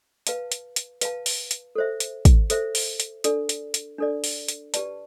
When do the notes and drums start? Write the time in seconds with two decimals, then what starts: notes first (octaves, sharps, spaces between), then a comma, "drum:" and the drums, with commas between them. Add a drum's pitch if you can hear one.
0.27 B4 F5 A5, drum: hi-hat
0.52 drum: hi-hat
0.76 drum: hi-hat
1.01 B4 F5 A5, drum: hi-hat
1.26 drum: open hi-hat
1.51 drum: hi-hat
1.75 A4 C5 E5
2.00 drum: hi-hat
2.25 drum: kick, hi-hat
2.50 A4 C5 E5, drum: hi-hat
2.75 drum: open hi-hat
3.00 drum: hi-hat
3.24 D4 A4 D5, drum: hi-hat
3.49 drum: hi-hat
3.74 drum: hi-hat
3.98 D4 A4 D5
4.24 drum: open hi-hat
4.48 drum: hi-hat
4.74 G4 B4 D5 A5, drum: hi-hat